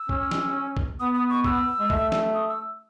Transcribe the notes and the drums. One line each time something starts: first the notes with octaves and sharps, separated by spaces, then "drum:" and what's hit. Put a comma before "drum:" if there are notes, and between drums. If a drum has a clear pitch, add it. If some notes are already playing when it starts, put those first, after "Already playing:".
Already playing: E6
C#4, drum: kick B1
drum: snare
drum: kick B1
B3 D#6
D#6
C#6
E6, drum: kick B1
G#3
A3, drum: kick B1
drum: snare
D#6
E6